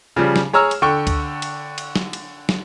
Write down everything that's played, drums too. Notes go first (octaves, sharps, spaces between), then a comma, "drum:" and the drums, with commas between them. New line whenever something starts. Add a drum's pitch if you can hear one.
C#3 F3 G3
drum: snare
G#4 C#5 A#5 E6 F6
drum: cymbal
D3 G5 C#6
drum: kick C#2, cymbal
drum: cymbal
drum: cymbal
drum: snare
drum: cymbal
drum: snare